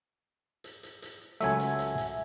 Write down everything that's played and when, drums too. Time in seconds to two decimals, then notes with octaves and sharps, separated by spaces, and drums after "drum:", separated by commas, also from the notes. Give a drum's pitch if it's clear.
0.64 drum: hi-hat
0.83 drum: hi-hat
1.02 drum: hi-hat
1.41 C#2 F#3 A3 E5 G#5, drum: hi-hat
1.60 drum: hi-hat
1.79 drum: hi-hat
1.98 drum: hi-hat